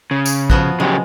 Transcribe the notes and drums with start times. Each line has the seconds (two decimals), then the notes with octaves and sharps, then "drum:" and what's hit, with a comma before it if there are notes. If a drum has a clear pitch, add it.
0.11 C#3
0.26 drum: tambourine
0.50 F3 B3 F#4, drum: kick
0.80 C#3 F#3 G#3 G4